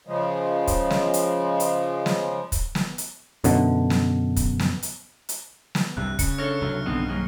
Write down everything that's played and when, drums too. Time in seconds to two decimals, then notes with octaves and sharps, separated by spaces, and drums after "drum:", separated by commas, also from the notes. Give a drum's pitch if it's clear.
0.07 C#3 F3 G#3
0.67 drum: kick, hi-hat
0.91 drum: snare
1.14 drum: hi-hat
1.60 drum: hi-hat
2.06 drum: snare
2.52 drum: kick, hi-hat
2.75 drum: snare
2.98 drum: hi-hat
3.44 F#2 B2 D3, drum: hi-hat
3.90 drum: snare
4.36 drum: kick, hi-hat
4.59 drum: snare
4.83 drum: hi-hat
5.29 drum: hi-hat
5.75 drum: snare
5.97 C2 G2 C3 F#6
6.19 C#3 C#7, drum: kick, hi-hat
6.38 D4 A4 C#5 F6 A#6
6.61 C#2 C3 F#3
6.86 B1 G2 D3 D#3 B3 C4
7.08 F#3 A#3 G#4